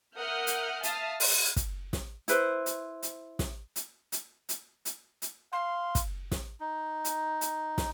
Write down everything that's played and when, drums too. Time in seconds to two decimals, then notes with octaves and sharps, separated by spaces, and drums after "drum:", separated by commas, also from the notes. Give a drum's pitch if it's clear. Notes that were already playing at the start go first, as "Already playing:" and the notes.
0.16 A#4 E5 F#5 D#6 F6 G6
0.47 drum: hi-hat
0.83 E5 F5 A5 D#6 F6, drum: hi-hat
1.20 drum: open hi-hat
1.56 drum: kick, hi-hat
1.93 drum: snare
2.28 E4 B4 C5, drum: hi-hat
2.66 drum: hi-hat
3.03 drum: hi-hat
3.39 drum: snare
3.76 drum: hi-hat
4.12 drum: hi-hat
4.49 drum: hi-hat
4.85 drum: hi-hat
5.22 drum: hi-hat
5.53 F5 C6
5.95 drum: kick, hi-hat
6.31 drum: snare
6.60 D#4
7.05 drum: hi-hat
7.41 drum: hi-hat
7.78 drum: snare